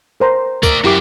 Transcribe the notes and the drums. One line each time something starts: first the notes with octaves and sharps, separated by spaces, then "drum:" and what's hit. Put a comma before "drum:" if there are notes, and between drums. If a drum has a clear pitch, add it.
A#4 C5 A#5
A3 A#4 D5, drum: kick, tambourine
F#2 E4 G4 D6